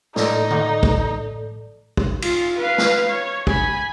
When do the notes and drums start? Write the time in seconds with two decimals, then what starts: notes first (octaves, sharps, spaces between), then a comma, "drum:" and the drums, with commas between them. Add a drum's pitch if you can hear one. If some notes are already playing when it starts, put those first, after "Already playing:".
0.16 A2 D#4 A4 D5, drum: snare
0.50 drum: tom D3
0.83 drum: kick
1.97 drum: kick
2.22 F4, drum: cymbal
2.59 B4 F5
2.78 drum: snare
3.10 C#5
3.47 G#5 B5, drum: kick